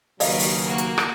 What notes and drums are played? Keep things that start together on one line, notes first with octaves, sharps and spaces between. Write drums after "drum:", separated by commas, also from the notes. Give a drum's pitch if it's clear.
D#2 C#3 F#3 A#4 B4 C#5 D#5 F5, drum: open hi-hat
drum: open hi-hat
A#3 F#4
drum: hi-hat
drum: rim click